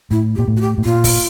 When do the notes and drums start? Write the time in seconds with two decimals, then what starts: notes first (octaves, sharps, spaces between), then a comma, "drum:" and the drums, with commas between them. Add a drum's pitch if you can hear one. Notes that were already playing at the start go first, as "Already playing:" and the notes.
0.11 A2 E4
0.36 G4
0.39 A#2
0.48 A2
0.57 F#4
0.61 G4
0.78 A2
0.85 A#2 F4
1.04 drum: kick, open hi-hat